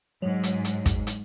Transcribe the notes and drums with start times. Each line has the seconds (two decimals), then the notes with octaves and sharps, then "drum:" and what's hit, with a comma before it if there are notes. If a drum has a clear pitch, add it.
0.22 G#2 F#3
0.43 drum: hi-hat
0.65 drum: hi-hat
0.86 drum: kick, hi-hat
1.07 drum: hi-hat